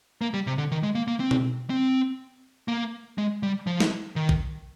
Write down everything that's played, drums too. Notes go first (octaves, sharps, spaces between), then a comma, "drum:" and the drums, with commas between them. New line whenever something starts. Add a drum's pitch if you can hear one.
A#3
G3
C3
D3
D#3
G#3
A#3
A#3
C4
drum: tom B2
C4
A#3
G#3
G3
F3
drum: snare
D#3
drum: kick A1